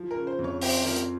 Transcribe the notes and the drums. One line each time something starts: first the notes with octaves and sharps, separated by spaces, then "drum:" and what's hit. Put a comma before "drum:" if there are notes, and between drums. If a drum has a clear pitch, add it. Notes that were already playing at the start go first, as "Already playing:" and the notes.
Already playing: F3
A#4
C#3
C5
F2
C#5
C4 C5, drum: open hi-hat
F3 A#4
drum: hi-hat